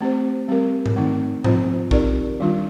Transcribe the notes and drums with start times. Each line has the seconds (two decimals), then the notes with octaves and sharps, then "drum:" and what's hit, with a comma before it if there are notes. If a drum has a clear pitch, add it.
0.01 A3 C4 G4 C5
0.48 G3 C4 G4 A#4
0.86 drum: tom G#2
0.96 D#3 A3 C4 D#4
1.44 F3 C4 F4 C5, drum: tom G#2
1.91 C4 D#4 G4 A#4 D5, drum: kick A#1
2.40 D#3 G3 D4 F4